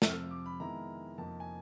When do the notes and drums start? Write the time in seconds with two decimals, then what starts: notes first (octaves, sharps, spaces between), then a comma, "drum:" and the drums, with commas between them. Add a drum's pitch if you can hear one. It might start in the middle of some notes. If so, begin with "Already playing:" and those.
0.02 F2 C3 F3 E6, drum: snare
0.10 F6
0.18 E6
0.31 D6
0.46 B5
0.60 D#3 G#3 B3 E4 A#5
1.18 F2 C3 F3 A#3 D#4 A5
1.40 G#5